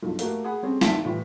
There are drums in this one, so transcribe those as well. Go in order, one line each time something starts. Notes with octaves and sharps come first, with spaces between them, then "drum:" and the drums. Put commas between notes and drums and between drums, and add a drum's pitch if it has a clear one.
B1 G2 F3
A3 A#3 F#4 G4, drum: hi-hat
G#4 F#5 B5
G3 C4 C#4 G#4 A4
A#1 D#2 D#3 E5 A5 B6, drum: snare
A2 E3 F3 G3